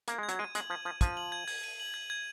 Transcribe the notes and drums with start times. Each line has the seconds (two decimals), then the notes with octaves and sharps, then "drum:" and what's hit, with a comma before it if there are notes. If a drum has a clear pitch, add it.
0.08 A#3 G#6, drum: hi-hat
0.18 G#3 G#6
0.29 F#3, drum: hi-hat
0.39 G#3 D#7
0.55 G#3 F#7, drum: hi-hat
0.70 F3 G#6
0.85 F3 G#6
1.01 F3 D#7, drum: kick, hi-hat
1.17 F#7
1.32 G#6
1.48 G#6, drum: open hi-hat
1.64 D#7
1.80 F#7
1.94 G#6
2.10 G#6